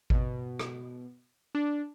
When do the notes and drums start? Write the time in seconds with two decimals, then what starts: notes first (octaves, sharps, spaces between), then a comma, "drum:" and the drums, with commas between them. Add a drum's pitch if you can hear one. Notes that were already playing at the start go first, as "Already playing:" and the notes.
0.10 B2, drum: kick G#1
0.60 drum: rim click
1.55 D4